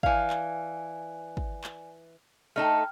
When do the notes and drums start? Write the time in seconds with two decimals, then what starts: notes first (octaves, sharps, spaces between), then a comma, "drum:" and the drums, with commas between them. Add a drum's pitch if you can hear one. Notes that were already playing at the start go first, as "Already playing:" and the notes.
0.03 E3 D5 F5 G#5, drum: kick
0.30 drum: clap
1.37 drum: kick
1.64 drum: clap
2.56 A3 D#4 A4 G5 F6